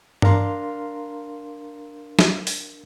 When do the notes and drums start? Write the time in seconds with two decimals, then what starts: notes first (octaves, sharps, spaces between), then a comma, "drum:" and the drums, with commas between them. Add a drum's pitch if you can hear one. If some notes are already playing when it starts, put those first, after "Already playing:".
0.22 D4 A#4 F5 A#5 C6, drum: tom G2
2.19 drum: snare
2.47 drum: open hi-hat